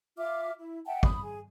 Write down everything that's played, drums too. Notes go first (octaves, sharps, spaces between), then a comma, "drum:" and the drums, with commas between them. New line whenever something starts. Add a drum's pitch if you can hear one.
F4 E5 D6 F6
E4
E5 F#5 G5 A5
B5 D#6, drum: kick
G#4